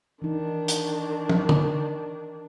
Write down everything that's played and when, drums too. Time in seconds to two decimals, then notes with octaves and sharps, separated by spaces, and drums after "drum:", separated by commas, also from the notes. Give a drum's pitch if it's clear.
0.22 D#3 E3 D4 D#4
0.68 drum: hi-hat
1.29 drum: tom
1.49 drum: tom